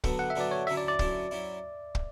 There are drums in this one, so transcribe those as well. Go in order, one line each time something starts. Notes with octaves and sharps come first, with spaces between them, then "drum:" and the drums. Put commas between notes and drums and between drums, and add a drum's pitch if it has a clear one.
D3 F#3 B3 D4 A4, drum: kick
F#5
E5
D3 F#3 B3 D4 D5
C#5
D3 F#3 C#4 E4 E5
D5
D5
D3 F#3 C#4 E4, drum: kick
F#3 C#4 E4
drum: kick